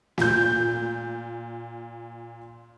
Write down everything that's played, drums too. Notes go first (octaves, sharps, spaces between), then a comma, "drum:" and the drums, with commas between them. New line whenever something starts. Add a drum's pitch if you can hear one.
A#2 G6, drum: snare